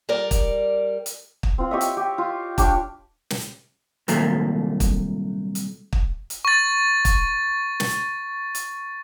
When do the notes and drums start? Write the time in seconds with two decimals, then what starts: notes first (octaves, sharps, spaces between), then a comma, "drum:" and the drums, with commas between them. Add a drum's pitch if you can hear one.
0.09 G3 A#4 D5
0.31 drum: kick, hi-hat
1.06 drum: hi-hat
1.43 drum: kick
1.58 C4 F4
1.71 G4 C#5 D#5 E5
1.81 drum: hi-hat
1.97 G4
2.18 F4
2.58 D4 G4 C#5, drum: kick, hi-hat
3.30 drum: snare
4.08 C2 A#2 D#3 F#3 A3 A#3, drum: hi-hat
4.80 drum: kick, hi-hat
5.55 drum: hi-hat
5.93 drum: kick
6.30 drum: hi-hat
6.45 C#6 A6
7.05 drum: kick, hi-hat
7.80 drum: snare
8.55 drum: hi-hat